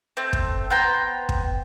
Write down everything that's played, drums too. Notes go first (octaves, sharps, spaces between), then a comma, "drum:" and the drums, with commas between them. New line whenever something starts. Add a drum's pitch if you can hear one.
A3 C4
drum: kick
B3 C5 G5 A#5
drum: kick